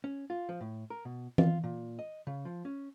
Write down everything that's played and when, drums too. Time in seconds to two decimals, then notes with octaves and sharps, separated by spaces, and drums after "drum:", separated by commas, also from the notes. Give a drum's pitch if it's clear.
0.04 C#4
0.30 F4
0.49 F3
0.61 A2
0.90 A#4
1.05 B2
1.38 F4, drum: tom E3
1.64 A#2
1.99 D#5
2.27 C#3
2.45 F3
2.65 C#4